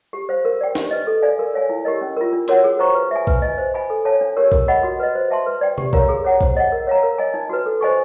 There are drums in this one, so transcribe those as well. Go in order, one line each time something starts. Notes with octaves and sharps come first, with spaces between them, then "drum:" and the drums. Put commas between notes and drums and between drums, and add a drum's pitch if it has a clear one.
G4
C5 F5
A#4
D5 G5
G4, drum: snare
B4 D#5
A4
D5 F5 G#5
A#4
C#5 F5 G#5
E4
G4 A#4 D#5
C#4
F4 A#4
D4
F#4 A#4 C#5 F#5, drum: hi-hat
G#4
C5 F5 A#5 C#6
B4
E5 G#5
B4, drum: kick A#1
D#5 G#5
C5
D#5 G#5 B5
A4
C#5 F5 A5
D4
G4 A#4 C#5
A#4, drum: kick A#1
D#5 F#5 B5
F#4
B4 D#5
C5
E5 A5 C6
B4
D5 G5
G4, drum: tom C3
A#4 C#5 F5 A#5, drum: kick A#1
G#4
C#5 F#5 A#5
C5, drum: kick A#1
D#5 F#5
A#4
C#5 F5 A#5
A#4
D#5 G#5
D#4
F#4 B4
A4
C5 D#5 G#5 C#6